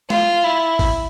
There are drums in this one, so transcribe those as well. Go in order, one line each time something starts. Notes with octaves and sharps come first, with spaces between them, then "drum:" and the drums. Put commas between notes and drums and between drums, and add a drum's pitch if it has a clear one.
F4, drum: snare
E4
drum: kick, open hi-hat